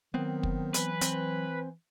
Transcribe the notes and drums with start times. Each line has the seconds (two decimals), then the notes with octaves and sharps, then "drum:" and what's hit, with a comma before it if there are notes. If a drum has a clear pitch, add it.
0.14 D#3 F#3 B3 C4
0.43 drum: kick
0.74 E3 B4, drum: hi-hat
1.01 C4, drum: hi-hat